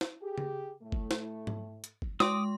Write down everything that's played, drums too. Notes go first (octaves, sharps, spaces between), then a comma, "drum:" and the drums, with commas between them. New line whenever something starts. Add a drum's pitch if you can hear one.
drum: snare
G4 G#4
drum: tom C#3
A2 A3
drum: kick
drum: snare
drum: tom G#2
drum: hi-hat
drum: kick
G#3 C6 D6 D#6, drum: snare